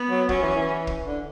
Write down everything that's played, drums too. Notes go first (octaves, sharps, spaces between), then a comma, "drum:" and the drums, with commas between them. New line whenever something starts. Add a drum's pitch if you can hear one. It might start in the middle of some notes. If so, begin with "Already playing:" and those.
Already playing: B3
F#3
F#3 C#4, drum: kick
E3
E3
drum: kick
D3